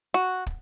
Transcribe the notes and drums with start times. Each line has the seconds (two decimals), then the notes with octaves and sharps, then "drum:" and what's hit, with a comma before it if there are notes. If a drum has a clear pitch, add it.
0.14 F#4
0.46 drum: kick